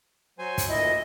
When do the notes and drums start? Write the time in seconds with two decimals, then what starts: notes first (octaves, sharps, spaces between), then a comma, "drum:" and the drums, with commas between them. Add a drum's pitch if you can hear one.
0.39 F#3 C5 G#5
0.58 drum: kick, hi-hat
0.69 D2 A#2 E4 D#5